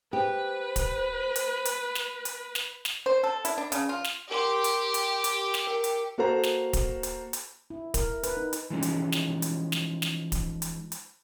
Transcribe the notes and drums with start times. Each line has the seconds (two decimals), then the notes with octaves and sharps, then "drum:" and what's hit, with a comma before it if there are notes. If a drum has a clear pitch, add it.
0.13 G4 B4 C5
0.76 drum: kick D1, hi-hat
1.36 drum: hi-hat
1.65 drum: hi-hat
1.95 drum: snare
2.25 drum: hi-hat
2.55 drum: snare
2.85 drum: snare
3.06 C5
3.23 A4
3.45 E4, drum: hi-hat
3.58 D4
3.72 C#3, drum: hi-hat
3.89 F4
4.04 drum: snare
4.31 G4 A#4 C6
4.64 drum: hi-hat
4.94 drum: hi-hat
5.24 drum: hi-hat
5.54 drum: snare
5.67 A#4 G5
5.84 drum: hi-hat
6.18 A#3 F#4 A4 C5 A#5
6.43 drum: snare
6.73 drum: kick D1, hi-hat
7.03 drum: hi-hat
7.33 drum: hi-hat
7.70 E4
7.94 A#4, drum: kick D1, hi-hat
8.23 B4, drum: hi-hat
8.37 D#4
8.53 drum: hi-hat
8.70 E3 F3 G#3 C#4 D#4
8.82 drum: hi-hat
9.12 drum: snare
9.42 drum: hi-hat
9.72 drum: snare
10.02 drum: snare
10.32 drum: kick D1, hi-hat
10.62 drum: hi-hat
10.92 drum: hi-hat